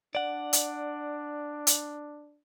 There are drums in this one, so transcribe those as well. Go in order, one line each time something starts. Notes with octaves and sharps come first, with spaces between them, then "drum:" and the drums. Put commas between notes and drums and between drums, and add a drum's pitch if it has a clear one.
D4 D5 F#5
drum: hi-hat
drum: hi-hat